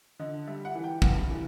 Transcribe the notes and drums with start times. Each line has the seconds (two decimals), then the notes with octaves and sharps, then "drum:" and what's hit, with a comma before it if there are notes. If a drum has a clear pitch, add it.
0.19 D3 D#5
0.47 G3 E5
0.65 F#5
0.75 E3
0.84 G5
1.02 G2 F#5, drum: kick
1.30 E3